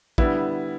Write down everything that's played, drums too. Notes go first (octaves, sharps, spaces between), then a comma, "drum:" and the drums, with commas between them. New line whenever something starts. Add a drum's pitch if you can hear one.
D3 G3 B3 E4, drum: kick